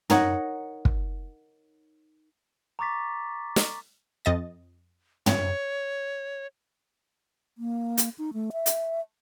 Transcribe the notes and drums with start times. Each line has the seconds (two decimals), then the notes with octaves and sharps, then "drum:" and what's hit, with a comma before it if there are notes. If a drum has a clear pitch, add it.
0.10 D#4 A#4 C#5 F#5, drum: tom
0.85 drum: kick
2.79 A#5 C#6 D6 A6 B6
3.56 drum: snare
4.25 F2 D#5 A6
5.26 C#5, drum: tom
7.58 A#3
7.98 drum: hi-hat
8.18 D#4
8.33 A3
8.53 E5
8.66 drum: hi-hat